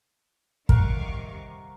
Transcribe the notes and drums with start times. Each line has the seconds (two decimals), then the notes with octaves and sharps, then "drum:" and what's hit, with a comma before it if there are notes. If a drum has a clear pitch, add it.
0.69 C3 D#3 G3 A#4 F5 F#5 C#6 D6, drum: kick